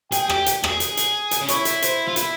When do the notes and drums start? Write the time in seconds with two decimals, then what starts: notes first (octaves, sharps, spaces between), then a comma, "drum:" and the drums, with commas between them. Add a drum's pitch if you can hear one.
0.12 G#4 G5, drum: hi-hat
0.30 G4, drum: rim click
0.46 drum: hi-hat
0.64 G#4, drum: rim click
0.80 G#4, drum: hi-hat
0.97 drum: hi-hat
1.31 drum: hi-hat
1.41 C#4
1.48 E4 C#5, drum: hi-hat
1.65 drum: hi-hat
1.82 C5, drum: hi-hat
2.08 F4
2.16 E4, drum: hi-hat